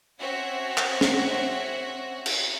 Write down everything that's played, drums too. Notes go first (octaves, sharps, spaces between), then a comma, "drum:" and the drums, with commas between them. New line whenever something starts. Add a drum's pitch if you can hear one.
C4 C#4 F#4 C#5 E5 F#5
drum: clap
drum: snare
drum: cymbal